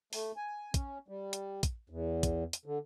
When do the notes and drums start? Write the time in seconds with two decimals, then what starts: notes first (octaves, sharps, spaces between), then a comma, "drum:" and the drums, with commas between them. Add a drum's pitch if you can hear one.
0.13 A3, drum: open hi-hat
0.37 G#5
0.74 C#4, drum: kick, hi-hat
1.08 G3
1.33 drum: hi-hat
1.63 drum: kick, hi-hat
1.90 E2
2.23 drum: kick, hi-hat
2.53 drum: hi-hat
2.66 D3